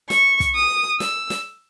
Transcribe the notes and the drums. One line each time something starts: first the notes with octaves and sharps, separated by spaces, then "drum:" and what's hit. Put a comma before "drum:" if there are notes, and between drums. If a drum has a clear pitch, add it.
C#6, drum: snare
drum: kick, hi-hat
D#6
E6, drum: snare
drum: snare